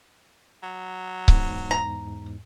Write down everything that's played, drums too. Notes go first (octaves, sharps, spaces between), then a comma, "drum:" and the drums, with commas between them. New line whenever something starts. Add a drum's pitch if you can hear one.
F#3
E2 G#2, drum: kick C#1
A#5